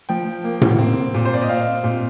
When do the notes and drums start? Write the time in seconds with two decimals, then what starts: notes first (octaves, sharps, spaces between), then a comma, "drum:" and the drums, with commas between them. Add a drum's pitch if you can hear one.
0.09 F3 G5
0.44 A#3
0.61 drum: tom A2
0.78 C4
1.14 A#2
1.25 C5
1.34 D5
1.42 D#5
1.49 C4 F5
1.84 A#2